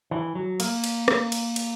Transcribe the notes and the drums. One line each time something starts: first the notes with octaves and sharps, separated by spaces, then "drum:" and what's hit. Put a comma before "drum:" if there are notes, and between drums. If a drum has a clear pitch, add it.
E3
F#3
A#3, drum: cymbal
drum: cymbal
drum: rim click
drum: cymbal
drum: cymbal